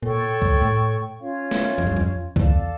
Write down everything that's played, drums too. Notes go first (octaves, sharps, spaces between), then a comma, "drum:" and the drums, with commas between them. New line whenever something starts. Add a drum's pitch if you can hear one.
A#2 A4 C#5 G5 C#6
drum: kick C#2
A2
C#4 F4 C#5 F5
drum: snare
F2
G2
F2
E2 A4 D5 F5 A5, drum: kick C#2